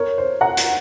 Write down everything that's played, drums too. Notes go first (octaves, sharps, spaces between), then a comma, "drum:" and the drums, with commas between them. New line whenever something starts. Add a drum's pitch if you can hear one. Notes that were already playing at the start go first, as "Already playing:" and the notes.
Already playing: A#4 C#5
C5
F#5 A#5
drum: hi-hat